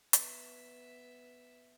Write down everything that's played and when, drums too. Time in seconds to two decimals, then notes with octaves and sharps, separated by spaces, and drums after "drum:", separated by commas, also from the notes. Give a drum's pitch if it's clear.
0.13 B3 E5, drum: hi-hat